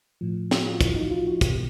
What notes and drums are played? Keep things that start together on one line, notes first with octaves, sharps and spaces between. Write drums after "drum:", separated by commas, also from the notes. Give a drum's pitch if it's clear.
A2 F3
F#4, drum: snare
F4
E4, drum: kick, hi-hat
D#4
F4
F#4
B2 G4, drum: kick, hi-hat